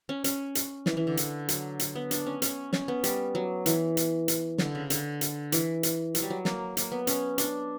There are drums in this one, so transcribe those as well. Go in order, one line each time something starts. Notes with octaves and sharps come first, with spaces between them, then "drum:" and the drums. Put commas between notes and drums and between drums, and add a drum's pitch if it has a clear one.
C#4
C#4, drum: hi-hat
drum: hi-hat
E3, drum: snare
E3
D3
drum: hi-hat
F#3, drum: hi-hat
drum: hi-hat
B3
D4, drum: hi-hat
C#4
C#4, drum: hi-hat
C#4, drum: snare
B3
G3, drum: hi-hat
F#3
E3, drum: hi-hat
drum: hi-hat
drum: hi-hat
D3, drum: snare
C#3
D3, drum: hi-hat
drum: hi-hat
E3, drum: hi-hat
drum: hi-hat
F#3, drum: hi-hat
G3
F#3
A#3, drum: snare
A#3, drum: hi-hat
B3
C#4, drum: hi-hat
D4, drum: hi-hat